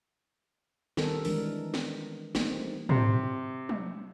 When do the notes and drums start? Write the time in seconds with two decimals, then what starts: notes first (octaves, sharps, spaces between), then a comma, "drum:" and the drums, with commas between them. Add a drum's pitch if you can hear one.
0.97 D#3 G3 C4 A4 A#4, drum: snare
1.25 E3 G#3 D4 A#4, drum: open hi-hat
1.74 drum: snare
2.35 E3 G3 A3 A#3 C4 D#4, drum: snare
2.89 C3, drum: tom
3.69 drum: tom